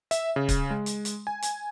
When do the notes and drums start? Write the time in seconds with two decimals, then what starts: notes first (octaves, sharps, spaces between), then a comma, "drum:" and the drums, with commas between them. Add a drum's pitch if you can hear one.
0.11 E5, drum: hi-hat
0.36 C#3
0.49 drum: kick C#1, hi-hat
0.70 G#3
0.86 drum: hi-hat
1.05 drum: hi-hat
1.27 G#5
1.42 drum: hi-hat